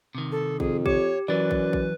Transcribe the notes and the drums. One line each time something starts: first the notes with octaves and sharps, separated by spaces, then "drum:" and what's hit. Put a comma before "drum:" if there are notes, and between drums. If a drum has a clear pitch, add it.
C3 D#3
A4
F2 G#4, drum: kick
G4 C#5, drum: kick
F#2 E3 F#3 B4 D5 A6
drum: kick
drum: kick